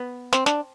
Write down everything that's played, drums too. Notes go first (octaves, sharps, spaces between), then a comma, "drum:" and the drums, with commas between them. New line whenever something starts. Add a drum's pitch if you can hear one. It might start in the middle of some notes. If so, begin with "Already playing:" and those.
Already playing: B3
C4, drum: snare
D4, drum: snare